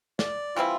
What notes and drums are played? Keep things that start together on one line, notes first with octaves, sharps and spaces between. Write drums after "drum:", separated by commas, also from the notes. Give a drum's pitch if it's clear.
D5, drum: snare
E3 G3 C4 E4 F4